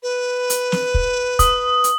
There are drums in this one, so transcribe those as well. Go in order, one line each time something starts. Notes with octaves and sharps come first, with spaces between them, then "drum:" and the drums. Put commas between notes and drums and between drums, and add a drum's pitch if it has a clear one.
B4
drum: hi-hat
drum: snare
drum: kick
D#6, drum: kick, hi-hat
drum: hi-hat